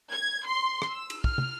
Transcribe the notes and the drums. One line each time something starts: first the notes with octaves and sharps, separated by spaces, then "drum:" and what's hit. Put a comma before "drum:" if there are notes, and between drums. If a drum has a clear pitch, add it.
G#6
C6
drum: rim click
E6
drum: cymbal
F6, drum: kick
drum: tom